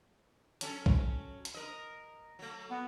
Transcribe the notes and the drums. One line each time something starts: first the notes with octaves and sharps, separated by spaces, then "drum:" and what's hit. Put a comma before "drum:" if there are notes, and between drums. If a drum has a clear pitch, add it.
F#3 C#4 A4, drum: hi-hat
drum: kick B1
drum: hi-hat
A#4 D#5
F#3 A3
B3